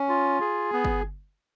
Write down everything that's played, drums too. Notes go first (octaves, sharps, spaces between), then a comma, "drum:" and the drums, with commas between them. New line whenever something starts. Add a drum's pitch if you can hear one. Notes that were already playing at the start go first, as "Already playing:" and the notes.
Already playing: C#4
F4
G#4
B3
drum: kick G1